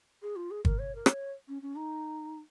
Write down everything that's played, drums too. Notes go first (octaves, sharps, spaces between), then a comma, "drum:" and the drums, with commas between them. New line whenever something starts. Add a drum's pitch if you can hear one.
G#4
F4
G#4
A#4, drum: kick
C#5
A#4
C#5, drum: rim click
C#4
C#4
D#4